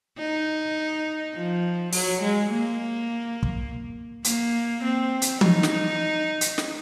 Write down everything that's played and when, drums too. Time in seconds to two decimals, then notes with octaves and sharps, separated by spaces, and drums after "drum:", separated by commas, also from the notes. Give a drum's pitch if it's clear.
0.18 D#4
1.35 F3
1.93 F#3, drum: open hi-hat
2.21 G#3
2.51 A#3
3.43 drum: kick
4.24 A#3, drum: hi-hat
4.83 C4
5.22 drum: hi-hat
5.41 D#4, drum: tom E3
5.63 drum: snare
6.41 drum: hi-hat
6.58 drum: snare